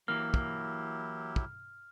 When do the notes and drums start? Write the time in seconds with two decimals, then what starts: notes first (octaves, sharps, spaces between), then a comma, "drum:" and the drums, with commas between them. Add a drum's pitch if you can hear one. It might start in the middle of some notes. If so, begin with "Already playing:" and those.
0.08 E3 F#3 A#3 E4 G4 F6
0.34 drum: kick
1.36 drum: kick